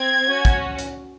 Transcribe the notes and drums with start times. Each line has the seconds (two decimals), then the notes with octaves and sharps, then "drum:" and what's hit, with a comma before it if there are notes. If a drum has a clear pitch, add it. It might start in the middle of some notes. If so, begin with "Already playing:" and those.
Already playing: C4 G#6
0.28 C#4 F#4
0.45 drum: kick, hi-hat
0.78 drum: hi-hat